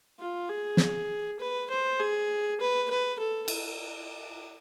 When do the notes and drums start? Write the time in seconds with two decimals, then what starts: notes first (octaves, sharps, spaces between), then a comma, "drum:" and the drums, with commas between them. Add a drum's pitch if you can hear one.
0.19 F4
0.49 G#4
0.77 drum: snare
1.40 B4
1.70 C5
2.00 G#4
2.60 B4
2.90 B4
3.19 A4
3.48 drum: cymbal